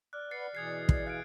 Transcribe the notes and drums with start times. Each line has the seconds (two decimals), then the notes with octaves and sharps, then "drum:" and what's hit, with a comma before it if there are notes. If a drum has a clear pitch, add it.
0.13 D5 F6 F#6
0.31 B4 F#5 A6 C7 C#7
0.55 B2 E3 G#4 D#6 G#6 C7
0.89 drum: kick
1.06 F5 F#6 G#6 D7